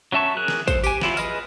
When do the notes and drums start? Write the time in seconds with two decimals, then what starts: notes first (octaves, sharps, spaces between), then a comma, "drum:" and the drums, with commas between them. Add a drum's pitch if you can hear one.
0.12 F#3 C#4 E5 A5 C#6
0.37 G#4 A#4 F#6
0.48 drum: snare
0.68 A4 C5, drum: kick, tambourine
0.84 G4 G#5, drum: tambourine
1.01 F#3 E4 F4, drum: snare
1.17 G#4 B4 D#5 F6, drum: tambourine